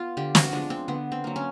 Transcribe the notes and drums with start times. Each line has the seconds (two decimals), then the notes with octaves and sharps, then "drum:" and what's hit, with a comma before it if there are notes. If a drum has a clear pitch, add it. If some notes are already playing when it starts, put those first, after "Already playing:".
Already playing: B3 F4
0.17 D3 G4
0.35 F#4, drum: snare
0.52 F3 G#3 B3 D4
0.70 C4
0.88 D3 B3
1.12 C4
1.24 F#3 A#3
1.36 C#4